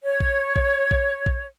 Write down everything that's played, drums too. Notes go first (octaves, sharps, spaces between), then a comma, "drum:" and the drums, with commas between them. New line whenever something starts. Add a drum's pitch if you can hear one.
C#5
drum: kick A#1
drum: kick A#1
drum: kick A#1
drum: kick A#1